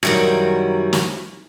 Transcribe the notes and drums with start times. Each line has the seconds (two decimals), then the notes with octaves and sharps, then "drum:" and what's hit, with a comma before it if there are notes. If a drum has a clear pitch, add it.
0.03 F#2 D#3 G3 E4 F#4, drum: rim click
0.93 drum: snare